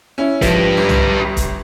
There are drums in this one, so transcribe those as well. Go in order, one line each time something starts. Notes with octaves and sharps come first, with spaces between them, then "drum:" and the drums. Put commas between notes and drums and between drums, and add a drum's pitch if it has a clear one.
C#4 E4
F3 G4 B4, drum: kick C#1, hi-hat
G1
drum: tom
drum: kick C#1, hi-hat